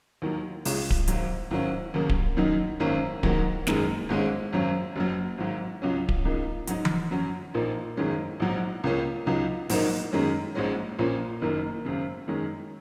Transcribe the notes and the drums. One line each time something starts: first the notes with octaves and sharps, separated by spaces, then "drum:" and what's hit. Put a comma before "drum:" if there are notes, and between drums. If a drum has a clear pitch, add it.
D#2 D#3 F#3
C#2 C#3 G#3 C#4, drum: open hi-hat
drum: kick D1
G#1 G#2 F#3, drum: hi-hat
G#1 G#2 D#3 F#3 C#4
D#2 C#3 F#3 A#3
drum: kick D1
F#2 D#3 F#3 D#4
G#1 F#2 D#3 A#3 C#4
G#2 D#3 F#3 A#3, drum: kick D1
F#1 F#2 D#3 G#3, drum: snare
G#1 G#2 G#3 C#4
G#1 F#2 F#3 C#4
F#1 F#2 F#3
G#1 G#2 F#3
C#2 C#3 F#3 C#4
drum: kick D1
C#2 C#3 A#3 D#4
G#2 F#3 D#4, drum: hi-hat
drum: tom E3
F#2 F#3 C#4
A#1 A#2 A#3 D#4
G#1 F#2 D#3 G#3 C#4
A#1 G#2 F#3 D#4
C#2 C#3 A#3 C#4
C#2 C#3 F#3 D#4
A#1 G#2 F#3 A#3 D#4, drum: open hi-hat
F#2 D#3 G#3 C#4
A#1 G#2 G#3 C#4
A#1 A#2 A#3 C#4
F#1 F#2 D#3 A#3 D#4
G#1 F#2 C#3
F#2 D#3 G#3 C#4